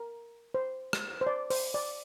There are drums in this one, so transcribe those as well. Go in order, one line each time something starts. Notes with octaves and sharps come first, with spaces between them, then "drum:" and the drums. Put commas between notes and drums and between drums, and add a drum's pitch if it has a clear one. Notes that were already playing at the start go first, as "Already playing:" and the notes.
Already playing: A#4
C5
drum: rim click
C5
D5
C5, drum: open hi-hat
D5